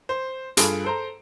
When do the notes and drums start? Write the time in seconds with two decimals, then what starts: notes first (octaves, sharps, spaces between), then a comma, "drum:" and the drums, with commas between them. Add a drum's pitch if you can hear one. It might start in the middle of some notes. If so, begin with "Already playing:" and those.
0.09 C5
0.57 G2 F4 G#4 A4 B5 D7, drum: hi-hat
0.85 A4 C5 A#5